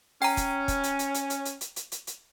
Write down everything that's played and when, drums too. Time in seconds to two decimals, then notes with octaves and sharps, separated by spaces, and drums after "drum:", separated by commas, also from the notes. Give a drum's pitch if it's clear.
0.22 C#4 G5 A#5, drum: open hi-hat
0.37 drum: kick, hi-hat
0.68 drum: kick, hi-hat
0.83 drum: hi-hat
0.99 drum: hi-hat
1.14 drum: hi-hat
1.30 drum: hi-hat
1.45 drum: hi-hat
1.61 drum: hi-hat
1.76 drum: hi-hat
1.92 drum: hi-hat
2.07 drum: hi-hat